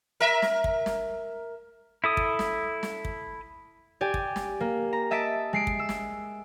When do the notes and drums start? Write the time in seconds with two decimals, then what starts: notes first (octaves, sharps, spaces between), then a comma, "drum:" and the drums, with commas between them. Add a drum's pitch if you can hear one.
0.20 A#4 E5
0.42 drum: snare
0.64 drum: kick
0.86 drum: snare
2.04 E4 A4 D#6
2.17 drum: kick
2.39 drum: snare
2.83 drum: snare
3.05 drum: kick
4.01 G4 D5 G#5
4.14 drum: kick
4.36 drum: snare
4.60 A#3
4.93 A#5
5.11 D#5 E5 A5 A6 B6 D7
5.53 G#3 C7 D7
5.67 drum: kick
5.79 E6
5.89 drum: snare